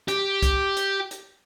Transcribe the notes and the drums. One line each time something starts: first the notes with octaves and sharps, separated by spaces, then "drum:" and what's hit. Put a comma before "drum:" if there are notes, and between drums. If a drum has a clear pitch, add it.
G4, drum: hi-hat
drum: kick C2, hi-hat
drum: hi-hat
drum: hi-hat